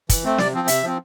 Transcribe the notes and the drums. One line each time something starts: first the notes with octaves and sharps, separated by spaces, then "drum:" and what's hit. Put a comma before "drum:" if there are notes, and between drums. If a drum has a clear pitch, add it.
E3, drum: kick, hi-hat
A3 C4
C3 D5, drum: snare
F3 C4
C3 E5, drum: hi-hat
F3 C4